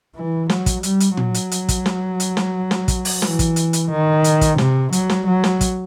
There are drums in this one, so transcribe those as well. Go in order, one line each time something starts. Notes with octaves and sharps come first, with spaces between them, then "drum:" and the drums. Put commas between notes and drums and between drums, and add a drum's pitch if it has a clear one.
E3
F#3, drum: snare
drum: kick, hi-hat
G3, drum: hi-hat
drum: hi-hat
F#3, drum: tom A#2
drum: hi-hat
drum: hi-hat
drum: kick, hi-hat
drum: snare
drum: hi-hat
drum: snare
drum: snare
drum: kick, hi-hat
drum: open hi-hat
E3, drum: snare
drum: kick, hi-hat
drum: hi-hat
drum: hi-hat
D#3
drum: hi-hat
drum: kick, hi-hat
C3, drum: snare
F#3, drum: hi-hat
drum: snare
F#3
drum: snare
drum: kick, hi-hat